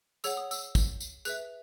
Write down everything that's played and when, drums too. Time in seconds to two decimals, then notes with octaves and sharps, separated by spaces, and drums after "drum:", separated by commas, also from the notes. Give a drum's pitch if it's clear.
0.24 G#4 C#5 F#5 E6, drum: tambourine
0.37 D#6
0.51 E6, drum: tambourine
0.75 drum: kick, tambourine
1.00 drum: tambourine
1.25 G#4 B4 E5 F#6, drum: tambourine